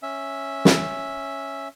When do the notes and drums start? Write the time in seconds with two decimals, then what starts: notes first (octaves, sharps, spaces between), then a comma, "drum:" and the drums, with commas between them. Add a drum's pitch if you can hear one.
0.03 C#4 E5
0.65 drum: snare